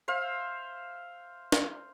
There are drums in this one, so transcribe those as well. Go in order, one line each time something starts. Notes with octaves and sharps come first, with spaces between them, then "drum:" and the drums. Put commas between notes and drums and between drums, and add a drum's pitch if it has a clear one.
C5 E5 F5
drum: snare